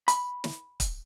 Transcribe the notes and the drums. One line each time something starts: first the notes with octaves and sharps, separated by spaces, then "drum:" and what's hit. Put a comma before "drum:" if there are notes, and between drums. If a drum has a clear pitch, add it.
B5, drum: hi-hat
drum: snare
drum: kick, hi-hat